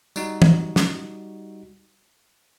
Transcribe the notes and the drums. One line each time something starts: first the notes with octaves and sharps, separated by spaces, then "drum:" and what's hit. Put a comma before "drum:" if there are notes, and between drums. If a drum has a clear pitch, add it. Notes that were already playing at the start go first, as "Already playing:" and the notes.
G3 D#4 F#4, drum: tambourine
drum: tom
drum: snare